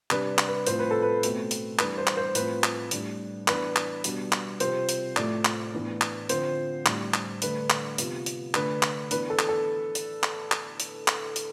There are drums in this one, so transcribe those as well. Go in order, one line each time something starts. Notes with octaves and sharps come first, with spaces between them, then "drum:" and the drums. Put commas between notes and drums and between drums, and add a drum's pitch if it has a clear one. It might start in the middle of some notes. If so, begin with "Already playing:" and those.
C3 G3 D4 B4, drum: clap
drum: clap
B4
A2 F3 C4 C5, drum: hi-hat
B4
A4
B4
B2 A3 C4, drum: hi-hat
drum: hi-hat
E3 G3 D4 B4, drum: clap
C5
drum: clap
C5
A2 F3 C4 B4, drum: hi-hat
drum: clap
A2 G3 D4, drum: hi-hat
E3 B3 D4 B4, drum: clap
drum: clap
B2 G3 D4, drum: hi-hat
drum: clap
C3 F3 C4 C5, drum: hi-hat
drum: hi-hat
A2 F3 A3 D5, drum: clap
drum: clap
A2 E3 B3 D4
drum: clap
D3 F3 C4 C5, drum: hi-hat
A2 G3 D4, drum: clap
drum: clap
D3 A3 D4 B4, drum: hi-hat
drum: clap
C3 F3 B3, drum: hi-hat
drum: hi-hat
D3 A3 D4 B4, drum: clap
drum: clap
E3 B3 D4 B4, drum: hi-hat
A4
drum: clap
A4
drum: hi-hat
drum: clap
drum: clap
drum: hi-hat
drum: clap
drum: hi-hat